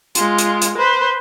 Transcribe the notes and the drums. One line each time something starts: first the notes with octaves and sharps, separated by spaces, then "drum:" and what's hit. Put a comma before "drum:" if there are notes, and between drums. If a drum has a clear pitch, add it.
G#3 F4, drum: hi-hat
drum: hi-hat
drum: hi-hat
B4 C5